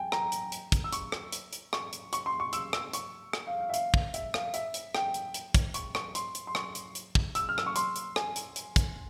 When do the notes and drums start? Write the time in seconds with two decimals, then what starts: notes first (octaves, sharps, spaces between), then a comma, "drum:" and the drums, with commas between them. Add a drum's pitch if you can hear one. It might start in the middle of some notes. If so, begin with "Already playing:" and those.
Already playing: G5 G#5
0.12 A#5, drum: rim click
0.32 drum: hi-hat
0.52 drum: hi-hat
0.72 drum: kick, hi-hat
0.84 E6
0.93 C#6, drum: hi-hat
1.12 drum: rim click
1.32 drum: hi-hat
1.53 drum: hi-hat
1.73 C#6, drum: rim click
1.93 drum: hi-hat
2.13 C#6, drum: hi-hat
2.26 C6
2.40 C#6
2.53 E6, drum: hi-hat
2.73 E6, drum: rim click
2.93 C#6, drum: hi-hat
3.33 drum: rim click
3.47 F5
3.60 F5
3.69 E5
3.74 F5, drum: hi-hat
3.94 drum: kick
4.14 E5, drum: hi-hat
4.34 F5, drum: rim click
4.54 E5, drum: hi-hat
4.74 drum: hi-hat
4.95 G5, drum: rim click
5.14 drum: hi-hat
5.34 drum: hi-hat
5.55 drum: kick, hi-hat
5.74 C#6, drum: hi-hat
5.95 C#6, drum: rim click
6.15 C6, drum: hi-hat
6.35 drum: hi-hat
6.47 C6
6.55 C#6, drum: rim click
6.75 drum: hi-hat
6.95 drum: hi-hat
7.15 drum: kick
7.35 E6, drum: hi-hat
7.49 F6
7.58 E6, drum: rim click
7.66 C#6
7.76 C6, drum: hi-hat
7.96 drum: hi-hat
8.16 G#5, drum: rim click
8.36 drum: hi-hat
8.56 drum: hi-hat
8.76 drum: kick, hi-hat